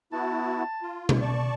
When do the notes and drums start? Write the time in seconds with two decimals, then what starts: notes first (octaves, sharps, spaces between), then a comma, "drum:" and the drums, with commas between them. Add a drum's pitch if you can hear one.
0.13 B3 E4 F#4 A5
0.82 F4
1.09 drum: tom B2
1.22 D5 A5 C#6